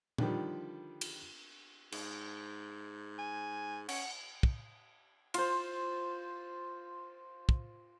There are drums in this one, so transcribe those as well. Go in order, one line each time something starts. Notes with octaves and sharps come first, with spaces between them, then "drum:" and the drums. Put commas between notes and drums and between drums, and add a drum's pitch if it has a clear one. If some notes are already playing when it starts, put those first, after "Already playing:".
D3 D#3 F3 G3, drum: tom A#2
drum: cymbal
G#2, drum: cymbal
G#5
C#4 F#5, drum: cymbal
drum: kick
F4 C5, drum: cymbal
drum: kick